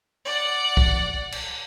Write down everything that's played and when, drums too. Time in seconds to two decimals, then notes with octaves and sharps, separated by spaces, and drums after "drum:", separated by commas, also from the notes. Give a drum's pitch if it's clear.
0.25 D5 F#5
0.77 drum: kick C2
1.32 drum: cymbal